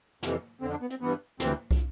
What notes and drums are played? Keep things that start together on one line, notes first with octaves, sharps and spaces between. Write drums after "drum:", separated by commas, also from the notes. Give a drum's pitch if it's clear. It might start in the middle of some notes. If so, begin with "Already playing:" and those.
F2 C3 E3, drum: snare
F2 D3 C4
D4
B3
C4, drum: hi-hat
G2 E3 B3
D2 C3 E3 C4, drum: snare
drum: kick